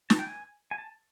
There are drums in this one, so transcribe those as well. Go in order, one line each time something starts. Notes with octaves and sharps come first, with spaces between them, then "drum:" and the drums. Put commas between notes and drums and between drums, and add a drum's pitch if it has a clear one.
A5, drum: snare
G5
G#5
G#5
A5